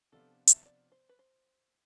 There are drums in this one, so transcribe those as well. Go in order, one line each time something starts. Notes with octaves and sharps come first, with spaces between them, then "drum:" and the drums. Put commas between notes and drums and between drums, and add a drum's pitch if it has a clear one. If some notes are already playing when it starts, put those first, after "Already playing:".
C3 F3 B3 D4 F4 A4
E5, drum: hi-hat
D5
C5
B4
C5